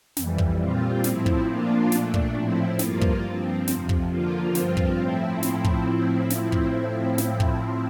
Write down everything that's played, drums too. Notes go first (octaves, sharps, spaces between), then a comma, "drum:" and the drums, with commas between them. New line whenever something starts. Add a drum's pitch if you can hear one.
F2 E3 G3, drum: snare
drum: kick
A#2 G3 C4 F4
A2 F3 C4 E4, drum: snare
drum: kick
A#2 F3 A#3 D4 F4
A#2 A3 D4, drum: snare
drum: kick
A2 F3 C4 E4
G2 F3 A#3 F4, drum: snare
drum: kick
G2 F3 C4
F2 C3 F3, drum: snare
drum: kick
D3 F3 A#3 F4
G2 F3 C4 F4, drum: snare
drum: kick
A2 F3 C4 E4
drum: snare
drum: kick
drum: snare
drum: kick
drum: snare
drum: kick